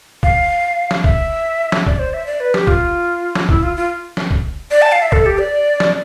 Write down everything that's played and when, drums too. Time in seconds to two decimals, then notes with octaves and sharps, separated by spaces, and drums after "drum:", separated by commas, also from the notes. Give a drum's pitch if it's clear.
0.23 F5, drum: kick
0.91 drum: snare
1.04 E5, drum: kick
1.72 drum: snare
1.87 D5, drum: kick
1.99 C5
2.13 E5
2.27 D5
2.40 B4
2.54 G4, drum: snare
2.67 F4, drum: kick
3.35 drum: snare
3.49 E4, drum: kick
3.63 F4
3.77 F4
4.17 drum: snare
4.31 drum: kick
4.71 D5
4.82 A5
4.92 F5
5.02 E5
5.12 A4, drum: kick
5.26 G4
5.39 D5
5.80 drum: snare